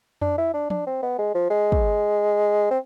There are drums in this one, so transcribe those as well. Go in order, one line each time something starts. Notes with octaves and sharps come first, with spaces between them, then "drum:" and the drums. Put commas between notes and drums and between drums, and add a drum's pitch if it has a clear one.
D4, drum: tom F2
E4
D4
D4, drum: tom F3
C4
B3
G#3
F3
G#3
drum: kick
C4